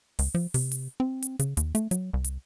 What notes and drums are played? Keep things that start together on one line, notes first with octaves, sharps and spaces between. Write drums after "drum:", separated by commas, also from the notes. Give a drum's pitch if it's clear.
C#2, drum: open hi-hat
F3
C3, drum: open hi-hat
drum: hi-hat
C4
drum: hi-hat
C#3, drum: hi-hat
D#2, drum: hi-hat
A3, drum: hi-hat
F#3, drum: hi-hat
C2
drum: hi-hat